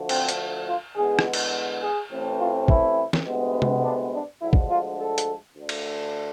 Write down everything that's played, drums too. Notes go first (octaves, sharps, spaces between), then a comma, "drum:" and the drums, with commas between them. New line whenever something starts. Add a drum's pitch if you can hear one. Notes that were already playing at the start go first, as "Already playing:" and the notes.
Already playing: D2 D3 F3 A3
C4, drum: cymbal
drum: hi-hat
F4
E2 D3 G#3 B3 G#4
drum: rim click
drum: cymbal
G#4
A1 A2 E3 A3 C4
F4
E4, drum: kick
drum: snare
D2 C3 G#3 B3
drum: tom C3
D4
D4
D2 D3 F3 G#3 E4
drum: kick
F4
A4
drum: hi-hat
D2 D3 A3
drum: cymbal